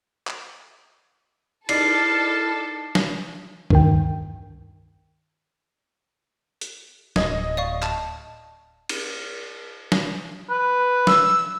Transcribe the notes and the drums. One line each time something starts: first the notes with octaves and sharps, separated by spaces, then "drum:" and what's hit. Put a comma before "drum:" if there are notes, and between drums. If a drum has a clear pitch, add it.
drum: clap
D#4 E4 A4 D5 F6 A6 C7, drum: cymbal
drum: snare
G2 D#3 G5, drum: kick C2
drum: hi-hat
D1 D#5 G#6, drum: snare
D5 F5 C#6
A5, drum: clap
drum: cymbal
drum: snare
B4
E6, drum: snare